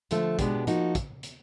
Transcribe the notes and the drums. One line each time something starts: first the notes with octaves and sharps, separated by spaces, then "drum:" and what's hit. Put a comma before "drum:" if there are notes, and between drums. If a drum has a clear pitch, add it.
D3 F3 A3, drum: hi-hat
B2 G#3 B3 D4 G4, drum: kick, hi-hat
F3 A#3 D#4 F#4, drum: hi-hat
drum: kick, hi-hat
drum: hi-hat